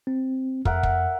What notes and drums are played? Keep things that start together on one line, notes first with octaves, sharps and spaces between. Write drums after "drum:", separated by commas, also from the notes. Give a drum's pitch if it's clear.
C4
F2 A#4 E5 F#5, drum: kick
drum: kick